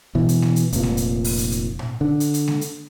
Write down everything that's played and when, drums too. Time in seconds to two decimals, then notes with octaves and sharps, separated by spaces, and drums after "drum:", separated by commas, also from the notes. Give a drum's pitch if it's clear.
0.15 B2 E3
0.29 drum: hi-hat
0.42 drum: snare G#3
0.56 drum: hi-hat
0.72 F1 A#2, drum: hi-hat
0.83 drum: snare G#3
0.97 drum: hi-hat
1.24 drum: open hi-hat
1.38 drum: hi-hat
1.52 drum: hi-hat
1.79 drum: tom A2
2.01 D3
2.20 drum: hi-hat
2.34 drum: hi-hat
2.48 drum: snare G#3
2.61 drum: hi-hat